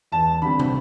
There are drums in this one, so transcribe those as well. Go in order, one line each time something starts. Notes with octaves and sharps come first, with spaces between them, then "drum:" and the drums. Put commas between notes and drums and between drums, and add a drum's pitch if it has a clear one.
E2 A5
D3 G3 C4 B5
drum: tom